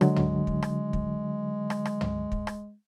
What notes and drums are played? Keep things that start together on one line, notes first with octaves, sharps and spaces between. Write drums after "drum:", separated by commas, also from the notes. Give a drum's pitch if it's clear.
D3 F#3 G#3, drum: rim click
drum: tom
drum: kick
drum: rim click
drum: kick
drum: rim click
drum: rim click
drum: tom
drum: kick
drum: rim click